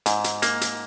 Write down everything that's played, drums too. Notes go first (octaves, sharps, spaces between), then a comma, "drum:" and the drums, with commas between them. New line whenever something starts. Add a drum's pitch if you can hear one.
G#2, drum: hi-hat
drum: hi-hat
A#3, drum: hi-hat
drum: hi-hat